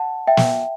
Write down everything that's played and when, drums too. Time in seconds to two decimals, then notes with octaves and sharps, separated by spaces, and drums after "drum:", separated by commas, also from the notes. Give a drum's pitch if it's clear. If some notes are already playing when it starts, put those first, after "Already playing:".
Already playing: F#5 A5
0.27 E5 G5
0.37 drum: snare